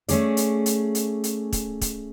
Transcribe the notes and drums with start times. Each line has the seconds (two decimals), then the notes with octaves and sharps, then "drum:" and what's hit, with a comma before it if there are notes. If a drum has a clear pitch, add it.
0.08 A3 C#4 G#4 D5, drum: hi-hat
0.37 drum: hi-hat
0.66 drum: hi-hat
0.95 drum: hi-hat
1.24 drum: hi-hat
1.52 drum: kick, hi-hat
1.81 drum: kick, hi-hat